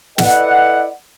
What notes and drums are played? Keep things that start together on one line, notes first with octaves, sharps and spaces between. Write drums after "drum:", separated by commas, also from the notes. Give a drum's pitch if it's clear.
E4 A4 B4 D5 D#5 F#5, drum: snare